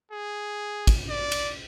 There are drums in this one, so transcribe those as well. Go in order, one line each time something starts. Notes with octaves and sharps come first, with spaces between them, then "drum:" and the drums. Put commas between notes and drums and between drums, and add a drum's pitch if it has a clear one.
G#4
drum: kick, cymbal
D5
drum: cymbal